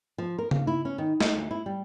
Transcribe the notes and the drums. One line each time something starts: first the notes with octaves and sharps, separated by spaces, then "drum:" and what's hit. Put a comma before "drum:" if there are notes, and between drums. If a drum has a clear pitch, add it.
F3
A#4
F5, drum: tom C#3
E4
C#4
D#3
D#4, drum: snare
D2
E4
G3